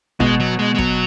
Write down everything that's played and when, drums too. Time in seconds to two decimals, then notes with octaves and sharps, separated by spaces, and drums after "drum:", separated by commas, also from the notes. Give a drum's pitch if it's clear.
0.20 B2 G#3, drum: kick
0.40 F#3
0.59 G#3
0.75 G#3
0.78 F#3, drum: kick